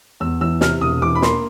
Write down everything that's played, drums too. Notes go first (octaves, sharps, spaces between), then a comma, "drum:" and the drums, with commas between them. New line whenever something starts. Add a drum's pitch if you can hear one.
E2 E6
E3 E6
C3 F6, drum: snare
E1 D#6
E3 D6
B5
A#3 C6, drum: snare